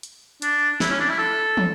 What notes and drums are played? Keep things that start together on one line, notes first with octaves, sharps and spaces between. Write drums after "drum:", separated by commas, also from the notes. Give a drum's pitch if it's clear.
drum: hi-hat
D4, drum: hi-hat
E4, drum: snare
C#4
D4
E4
A4
drum: tom